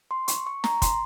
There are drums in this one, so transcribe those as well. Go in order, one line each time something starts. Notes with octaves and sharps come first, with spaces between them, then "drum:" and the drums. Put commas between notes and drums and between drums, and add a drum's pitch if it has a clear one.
C6
C#6, drum: hi-hat
C#6
A#5, drum: snare
C6, drum: kick, hi-hat